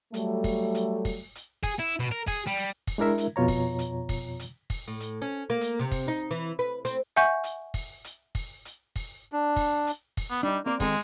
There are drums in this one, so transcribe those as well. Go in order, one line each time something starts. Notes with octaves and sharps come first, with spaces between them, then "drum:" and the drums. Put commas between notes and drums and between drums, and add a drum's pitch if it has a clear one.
F#3 G3 A3, drum: hi-hat
drum: kick, open hi-hat
drum: hi-hat
drum: kick, open hi-hat
drum: hi-hat
G#4, drum: kick, open hi-hat
E4
B2
A#4
G#4, drum: kick, open hi-hat
G3
drum: hi-hat
drum: kick, open hi-hat
G#3 D4 E4 A#4 E5
drum: hi-hat
F2 B2 F4 C#5 A#5
drum: kick, open hi-hat
drum: hi-hat
drum: kick, open hi-hat
drum: hi-hat
drum: kick, open hi-hat
A2
drum: hi-hat
C#4
A#3
drum: hi-hat
C3
drum: kick, open hi-hat
D#4
E3
B4
C4, drum: hi-hat
E5 F#5 G#5 C#6 G6
drum: hi-hat
drum: kick, open hi-hat
drum: hi-hat
drum: kick, open hi-hat
drum: hi-hat
drum: kick, open hi-hat
D4
drum: kick, open hi-hat
drum: hi-hat
drum: kick, open hi-hat
B3
G3 D4 D#4
A#3 C4 D5
D#3 G#3 C4 A4, drum: kick, open hi-hat